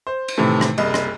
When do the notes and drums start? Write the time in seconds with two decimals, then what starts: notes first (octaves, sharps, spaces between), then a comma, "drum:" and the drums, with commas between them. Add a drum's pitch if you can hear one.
0.07 C5
0.28 drum: cymbal
0.37 A2 C3 D#3 E3 A3
0.61 drum: rim click
0.78 F#1 C2 D#5, drum: cymbal
0.94 drum: rim click